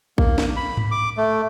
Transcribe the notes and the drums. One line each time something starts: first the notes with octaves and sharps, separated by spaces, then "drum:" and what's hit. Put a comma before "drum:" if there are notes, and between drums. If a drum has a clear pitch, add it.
A#3, drum: kick A1
drum: snare
B5
drum: tom G#2
D6
A3